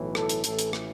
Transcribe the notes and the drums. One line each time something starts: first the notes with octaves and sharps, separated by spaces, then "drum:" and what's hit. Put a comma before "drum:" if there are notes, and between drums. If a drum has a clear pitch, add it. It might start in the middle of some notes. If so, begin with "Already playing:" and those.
Already playing: B1 A2 E3
A4, drum: rim click
drum: hi-hat
A1 A2 E3 A4, drum: hi-hat
drum: hi-hat
drum: rim click